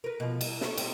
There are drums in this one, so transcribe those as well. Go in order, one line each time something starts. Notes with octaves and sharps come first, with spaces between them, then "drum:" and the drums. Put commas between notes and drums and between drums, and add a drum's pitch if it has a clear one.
A#4 B4
B2 F3
G3, drum: cymbal
A4 C#5, drum: snare
G3 C4, drum: cymbal